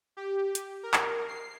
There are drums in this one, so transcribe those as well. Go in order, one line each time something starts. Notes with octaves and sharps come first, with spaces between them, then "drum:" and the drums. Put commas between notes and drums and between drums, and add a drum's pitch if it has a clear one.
G4
drum: hi-hat
A#4
drum: clap
C7